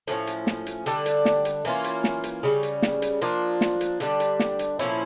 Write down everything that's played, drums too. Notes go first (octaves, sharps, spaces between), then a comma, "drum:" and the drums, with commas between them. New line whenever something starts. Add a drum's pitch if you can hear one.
A2 F3 C#4, drum: hi-hat
drum: hi-hat
drum: snare
drum: hi-hat
D3 G3 D4 A4, drum: hi-hat
drum: hi-hat
drum: snare
drum: hi-hat
E3 A#3 C#4 F4, drum: hi-hat
drum: hi-hat
drum: snare
drum: hi-hat
C#3 G3 C#4
drum: hi-hat
drum: snare
drum: hi-hat
F3 A#3 D4 F4, drum: hi-hat
drum: snare
drum: hi-hat
D3 G3 D4, drum: hi-hat
drum: hi-hat
drum: snare
drum: hi-hat
A#2 F3 C#4 E4, drum: hi-hat